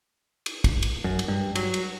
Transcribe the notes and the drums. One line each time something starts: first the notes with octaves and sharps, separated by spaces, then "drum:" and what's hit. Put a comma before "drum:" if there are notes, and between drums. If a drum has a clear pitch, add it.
drum: cymbal
drum: kick, cymbal
drum: cymbal
F#2
drum: cymbal
G2
F#3, drum: cymbal
drum: cymbal